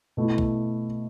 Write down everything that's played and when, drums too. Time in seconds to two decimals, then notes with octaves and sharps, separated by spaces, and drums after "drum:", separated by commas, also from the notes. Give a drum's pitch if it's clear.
0.17 B2 A3 E4
0.38 drum: kick